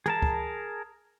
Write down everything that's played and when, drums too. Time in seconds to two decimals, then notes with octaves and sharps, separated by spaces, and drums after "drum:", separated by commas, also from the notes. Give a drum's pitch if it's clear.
0.06 G#4 A#4 A5, drum: tom
0.22 drum: kick